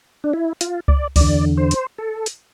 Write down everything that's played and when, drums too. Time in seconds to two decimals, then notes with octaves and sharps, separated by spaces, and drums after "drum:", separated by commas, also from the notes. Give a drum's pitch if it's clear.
0.24 D4
0.33 E4
0.61 F4, drum: hi-hat
0.88 D5, drum: kick C#2
1.16 E2 D3 D5, drum: kick C#2, open hi-hat
1.57 C5
1.71 drum: hi-hat
1.98 A4
2.26 drum: hi-hat